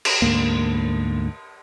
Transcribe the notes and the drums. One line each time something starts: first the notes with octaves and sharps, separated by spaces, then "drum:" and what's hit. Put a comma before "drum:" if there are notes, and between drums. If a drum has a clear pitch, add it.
drum: cymbal
D2 G#2 A#3